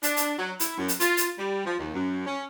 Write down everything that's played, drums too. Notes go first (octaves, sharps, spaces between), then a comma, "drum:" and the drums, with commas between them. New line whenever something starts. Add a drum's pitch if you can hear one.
D4, drum: hi-hat
drum: hi-hat
F#3
E4, drum: hi-hat
F#2
drum: hi-hat
F4, drum: hi-hat
drum: hi-hat
G3
F3
D#2
F#2
C#4